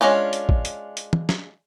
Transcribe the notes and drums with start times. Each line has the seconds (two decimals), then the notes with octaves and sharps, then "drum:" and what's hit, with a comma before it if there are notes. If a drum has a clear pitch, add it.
0.01 G#3 C#4 D4 F4
0.33 drum: hi-hat
0.49 drum: kick A1
0.65 drum: hi-hat
0.97 drum: hi-hat
1.13 drum: tom
1.29 drum: snare